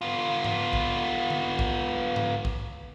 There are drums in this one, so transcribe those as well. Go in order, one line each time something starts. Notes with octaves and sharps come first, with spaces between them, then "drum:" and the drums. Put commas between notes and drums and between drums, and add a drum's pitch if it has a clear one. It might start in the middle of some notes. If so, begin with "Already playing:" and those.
B3 F4
drum: tom G#2
drum: kick
drum: tom D3
drum: kick
drum: tom G#2
drum: kick